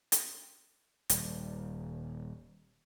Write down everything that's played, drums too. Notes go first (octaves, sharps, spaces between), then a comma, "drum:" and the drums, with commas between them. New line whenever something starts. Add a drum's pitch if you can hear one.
drum: hi-hat
D#1 G3, drum: hi-hat